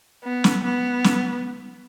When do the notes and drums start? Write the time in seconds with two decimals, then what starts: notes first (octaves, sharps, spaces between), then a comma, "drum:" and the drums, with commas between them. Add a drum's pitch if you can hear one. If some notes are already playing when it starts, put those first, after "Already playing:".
0.24 B3
0.44 drum: snare
0.64 B3
1.04 drum: snare